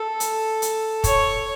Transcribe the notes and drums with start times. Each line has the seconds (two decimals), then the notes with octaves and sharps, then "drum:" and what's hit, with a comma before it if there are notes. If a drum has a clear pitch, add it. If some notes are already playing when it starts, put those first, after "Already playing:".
Already playing: A4
0.20 drum: hi-hat
0.62 drum: hi-hat
1.04 C#5, drum: kick, hi-hat